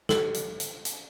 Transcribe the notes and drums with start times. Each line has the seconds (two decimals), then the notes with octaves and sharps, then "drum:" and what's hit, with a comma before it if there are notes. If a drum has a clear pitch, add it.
0.09 A4, drum: snare
0.34 drum: hi-hat
0.60 drum: hi-hat
0.85 drum: hi-hat